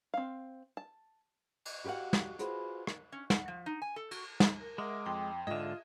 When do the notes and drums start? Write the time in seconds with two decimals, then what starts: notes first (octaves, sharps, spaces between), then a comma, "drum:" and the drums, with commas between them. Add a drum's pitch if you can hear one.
0.14 C4 F5
0.77 A5
1.65 drum: cymbal
1.84 F#4 G4 A#4 F5 F#5
2.13 drum: snare
2.39 F4 F#4 G#4 B4 C5, drum: hi-hat
2.87 drum: rim click
3.12 C#4
3.30 F#5, drum: snare
3.48 F3
3.66 D#4
3.82 G#5
3.96 A4
4.11 F#4, drum: cymbal
4.40 drum: snare
4.60 A#4
4.78 G#3 A#4 E5 F#5 D6
5.06 F2 G5 C6
5.47 G#2 D3 F4 G#4 D#5 E5